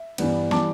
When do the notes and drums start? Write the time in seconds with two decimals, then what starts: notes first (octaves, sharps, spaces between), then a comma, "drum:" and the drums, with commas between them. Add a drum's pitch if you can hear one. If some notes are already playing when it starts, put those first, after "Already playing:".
Already playing: E5
0.18 G2 E3 G3 B3, drum: cymbal
0.51 E3 G3 B3 A5 D6, drum: snare